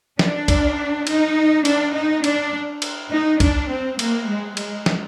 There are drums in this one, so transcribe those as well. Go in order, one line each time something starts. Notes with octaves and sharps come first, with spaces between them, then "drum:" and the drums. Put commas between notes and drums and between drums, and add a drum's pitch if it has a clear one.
D4, drum: snare
drum: kick, cymbal
D#4, drum: cymbal
D4, drum: cymbal
D#4
D4, drum: cymbal
drum: cymbal
D#4
D4, drum: kick, cymbal
C4
A#3, drum: cymbal
G#3
G#3, drum: cymbal
drum: snare